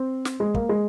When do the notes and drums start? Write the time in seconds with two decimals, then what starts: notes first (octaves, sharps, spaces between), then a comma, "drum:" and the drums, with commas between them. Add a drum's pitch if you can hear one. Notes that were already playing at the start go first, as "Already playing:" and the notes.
Already playing: C4
0.25 drum: snare
0.40 G#3
0.54 A#3, drum: kick
0.69 G#3